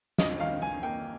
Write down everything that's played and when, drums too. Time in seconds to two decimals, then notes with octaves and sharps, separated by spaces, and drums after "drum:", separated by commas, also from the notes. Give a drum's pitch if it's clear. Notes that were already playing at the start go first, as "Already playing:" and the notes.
0.18 F2 D#5, drum: snare
0.40 D#3 F5
0.61 D#3 G#5
0.83 A#3 G5